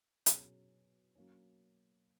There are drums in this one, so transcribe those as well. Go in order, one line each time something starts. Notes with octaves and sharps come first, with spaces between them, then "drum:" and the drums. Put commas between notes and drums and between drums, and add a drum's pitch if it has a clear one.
B2 F#3 C#4 G#4, drum: hi-hat
F#3 A#3 C#4